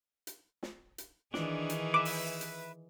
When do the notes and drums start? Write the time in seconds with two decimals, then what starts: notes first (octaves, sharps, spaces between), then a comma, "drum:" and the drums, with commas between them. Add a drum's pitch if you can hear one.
0.27 drum: hi-hat
0.63 drum: snare
0.98 drum: hi-hat
1.34 D#3 E3 D4 G#4, drum: snare
1.70 drum: hi-hat
1.94 B4 E5 D6
2.05 drum: open hi-hat
2.41 drum: hi-hat